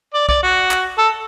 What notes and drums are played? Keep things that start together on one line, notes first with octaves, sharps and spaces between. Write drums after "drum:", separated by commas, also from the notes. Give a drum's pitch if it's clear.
D5
D5, drum: kick
F#4
drum: clap
A4